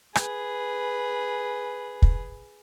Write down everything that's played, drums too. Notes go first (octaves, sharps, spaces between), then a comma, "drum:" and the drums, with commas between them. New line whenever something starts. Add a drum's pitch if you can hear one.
G#4 B4, drum: rim click
drum: kick